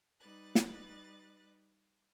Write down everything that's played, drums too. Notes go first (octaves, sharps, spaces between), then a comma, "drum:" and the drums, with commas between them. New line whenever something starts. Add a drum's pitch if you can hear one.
G3 D#4 B4 F#6 A6
drum: snare